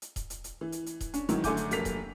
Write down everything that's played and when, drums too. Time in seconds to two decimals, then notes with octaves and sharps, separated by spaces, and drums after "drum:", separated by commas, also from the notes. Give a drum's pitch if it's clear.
0.02 drum: hi-hat
0.16 drum: kick D#1, hi-hat
0.30 drum: hi-hat
0.44 drum: hi-hat
0.61 E3
0.72 drum: hi-hat
0.86 drum: hi-hat
1.00 drum: kick D#1, hi-hat
1.14 C#4 D4, drum: hi-hat
1.29 G#2 D#3 E3 F#3, drum: hi-hat
1.44 F#2 D3 A3 G#5 D6 G6, drum: kick D#1, hi-hat
1.57 drum: hi-hat
1.71 F1 F#3 A#3 A4 B6 F7, drum: hi-hat
1.85 drum: kick D#1, hi-hat